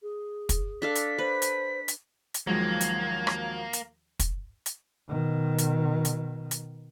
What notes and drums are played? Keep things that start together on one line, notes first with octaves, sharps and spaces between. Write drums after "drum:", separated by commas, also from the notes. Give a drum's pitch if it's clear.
G#4
drum: kick, hi-hat
D4 A4 F5 B6
drum: hi-hat
B4 C5
drum: hi-hat
drum: hi-hat
drum: hi-hat
D#2 F3 F#3 G#3 A#3 G#6
drum: hi-hat
drum: rim click
drum: hi-hat
drum: kick, hi-hat
drum: hi-hat
B2 D#3
drum: hi-hat
drum: hi-hat
drum: hi-hat